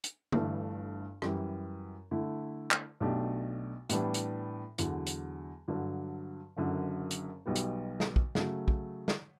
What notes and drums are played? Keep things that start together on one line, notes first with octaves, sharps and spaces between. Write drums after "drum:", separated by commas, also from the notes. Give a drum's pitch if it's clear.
drum: hi-hat
G1 G2 E3 A3, drum: tom D3
F#2 E3 G3, drum: rim click
D3 A3 E4
drum: clap
B1 B2 A3 D4 G4
A2 E3 G3 B3 D4, drum: hi-hat
drum: hi-hat
E2 D3 F#3, drum: hi-hat
drum: hi-hat
G2 D3 F#3
F#1 F#2 D3 F#3
drum: hi-hat
B1 B2 G3 B3
drum: hi-hat
drum: snare
drum: kick
C#3 F#3 A3, drum: snare
drum: kick
drum: snare